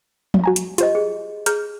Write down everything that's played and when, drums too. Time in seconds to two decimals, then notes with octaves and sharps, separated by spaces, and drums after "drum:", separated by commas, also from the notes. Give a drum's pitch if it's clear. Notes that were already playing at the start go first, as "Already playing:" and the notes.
0.34 drum: tom
0.44 F#4 G#5 A#5
0.56 drum: hi-hat
0.78 F4 G4 C5 D#5, drum: hi-hat
0.95 G#4
1.46 G#4 A#5 F6 G6, drum: hi-hat